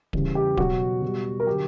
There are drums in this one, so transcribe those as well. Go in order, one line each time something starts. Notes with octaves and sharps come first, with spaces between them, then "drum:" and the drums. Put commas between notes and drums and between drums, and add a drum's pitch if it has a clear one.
E2 C#3 E3 G3, drum: kick D1
G4
B2 F#3 F#4, drum: kick D1
B2 G3
A#4
D3 F#3 G4